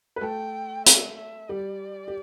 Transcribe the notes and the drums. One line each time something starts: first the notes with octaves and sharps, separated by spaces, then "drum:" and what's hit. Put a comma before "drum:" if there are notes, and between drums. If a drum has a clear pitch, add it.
B4
A3 A4 G5
E5, drum: hi-hat
E5
G3 G4 D5
G4